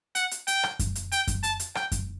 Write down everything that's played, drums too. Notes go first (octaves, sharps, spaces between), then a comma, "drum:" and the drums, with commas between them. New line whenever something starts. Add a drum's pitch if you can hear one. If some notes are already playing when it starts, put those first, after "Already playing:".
F#5, drum: hi-hat
drum: hi-hat
G5, drum: hi-hat
drum: rim click
drum: kick F#2, hi-hat
drum: hi-hat
G5, drum: hi-hat
drum: kick F#2, hi-hat
A5, drum: hi-hat
drum: hi-hat
G5, drum: rim click
drum: kick F#2, hi-hat